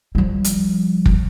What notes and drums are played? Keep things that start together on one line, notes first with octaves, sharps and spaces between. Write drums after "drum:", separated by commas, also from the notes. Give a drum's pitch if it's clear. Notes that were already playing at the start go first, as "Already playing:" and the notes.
F3 G3
drum: hi-hat
drum: kick